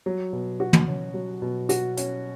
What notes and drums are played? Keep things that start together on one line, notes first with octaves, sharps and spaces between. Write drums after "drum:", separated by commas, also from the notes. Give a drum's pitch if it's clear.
F#3
B2
F#4
drum: tom
C#4
F#3
B2
F#4, drum: hi-hat
C#4, drum: hi-hat